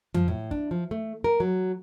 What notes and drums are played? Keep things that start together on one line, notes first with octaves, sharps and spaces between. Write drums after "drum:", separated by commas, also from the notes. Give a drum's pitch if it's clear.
F3, drum: tom F2
A2
D4, drum: kick
F3
A3
A#4
F#3